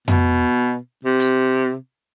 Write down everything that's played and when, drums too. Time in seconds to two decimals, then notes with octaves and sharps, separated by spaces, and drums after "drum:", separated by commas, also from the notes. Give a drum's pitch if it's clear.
0.08 B2, drum: tom F2
1.05 C3
1.20 drum: hi-hat